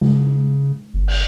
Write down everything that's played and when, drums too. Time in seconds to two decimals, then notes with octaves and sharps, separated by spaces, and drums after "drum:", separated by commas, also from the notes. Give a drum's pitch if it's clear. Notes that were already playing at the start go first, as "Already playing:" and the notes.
0.01 C#3, drum: tom G#3
0.94 G1
1.07 drum: cymbal